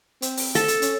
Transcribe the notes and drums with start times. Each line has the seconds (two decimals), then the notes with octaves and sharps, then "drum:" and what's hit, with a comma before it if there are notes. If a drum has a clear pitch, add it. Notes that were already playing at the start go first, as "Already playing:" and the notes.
0.22 C4, drum: hi-hat
0.37 drum: open hi-hat
0.55 A4, drum: hi-hat
0.68 drum: hi-hat
0.82 C#4, drum: hi-hat